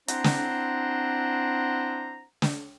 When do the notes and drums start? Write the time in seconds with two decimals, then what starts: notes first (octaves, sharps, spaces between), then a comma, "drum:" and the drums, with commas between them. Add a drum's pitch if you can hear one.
0.08 C4 D4 E4 C5 F#5 A#5, drum: hi-hat
0.24 drum: snare
2.42 drum: snare